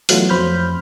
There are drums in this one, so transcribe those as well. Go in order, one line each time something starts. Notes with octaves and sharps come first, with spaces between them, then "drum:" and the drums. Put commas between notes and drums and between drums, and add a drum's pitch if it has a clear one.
E3 F#3 A3 B3 F4, drum: open hi-hat
F2 C5 B5 F6 G6